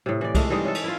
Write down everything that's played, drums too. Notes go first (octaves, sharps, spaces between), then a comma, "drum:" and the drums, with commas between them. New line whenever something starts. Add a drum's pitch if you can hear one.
A2 C3
E3 D5
G#3 A3, drum: kick C2, cymbal
E3 G3 G#3 D#4
C#4 A4
drum: cymbal
E4 F4